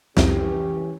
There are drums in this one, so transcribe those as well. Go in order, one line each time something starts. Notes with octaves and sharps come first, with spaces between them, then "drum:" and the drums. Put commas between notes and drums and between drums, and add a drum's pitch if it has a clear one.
C2 F2 E3 C#4 G4, drum: snare